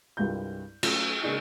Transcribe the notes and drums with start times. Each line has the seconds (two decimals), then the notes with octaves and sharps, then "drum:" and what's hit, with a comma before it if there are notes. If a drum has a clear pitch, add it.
0.17 C2 G2 G3 G#3 F4 G6
0.83 F#3 A3 C#4 F4, drum: cymbal
1.22 C#3 G#3 A#3 D4 D#4 G#4